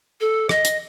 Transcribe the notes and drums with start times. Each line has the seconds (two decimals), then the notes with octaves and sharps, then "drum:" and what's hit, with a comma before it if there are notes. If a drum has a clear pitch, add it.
0.20 A4
0.49 D#5, drum: rim click
0.65 drum: hi-hat